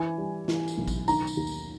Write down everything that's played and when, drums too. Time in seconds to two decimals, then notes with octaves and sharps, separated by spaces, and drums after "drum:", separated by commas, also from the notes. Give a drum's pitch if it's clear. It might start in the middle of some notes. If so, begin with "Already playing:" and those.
Already playing: E3 G#5
0.18 G3
0.48 E3, drum: snare
0.68 drum: tambourine
0.78 B1
0.88 drum: kick A1, tambourine
1.08 D#3 A#5, drum: tambourine
1.27 drum: tambourine
1.37 D#2
1.47 drum: tambourine